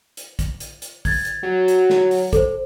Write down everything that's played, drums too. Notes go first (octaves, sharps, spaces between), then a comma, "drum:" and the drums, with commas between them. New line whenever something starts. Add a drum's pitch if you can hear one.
drum: hi-hat
drum: kick, hi-hat
drum: hi-hat
drum: hi-hat
G#6 A6, drum: kick, open hi-hat
drum: hi-hat
F#3
drum: hi-hat
drum: snare
drum: open hi-hat
A4 C5, drum: kick, hi-hat